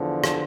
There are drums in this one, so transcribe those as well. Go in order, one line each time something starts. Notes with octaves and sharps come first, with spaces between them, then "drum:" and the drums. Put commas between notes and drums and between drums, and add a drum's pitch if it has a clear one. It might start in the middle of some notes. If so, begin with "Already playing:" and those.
Already playing: E2 D3 F3
drum: rim click